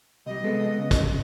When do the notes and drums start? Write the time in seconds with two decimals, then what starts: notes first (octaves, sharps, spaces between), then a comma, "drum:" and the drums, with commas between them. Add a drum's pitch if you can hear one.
0.26 C2 G3 D#5
0.44 G#3 B3 A4
0.78 C#3
0.91 drum: kick, hi-hat